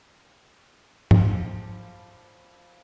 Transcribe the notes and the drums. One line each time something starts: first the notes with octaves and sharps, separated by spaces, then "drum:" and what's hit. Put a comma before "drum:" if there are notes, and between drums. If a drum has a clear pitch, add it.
F3 G3 G5, drum: tom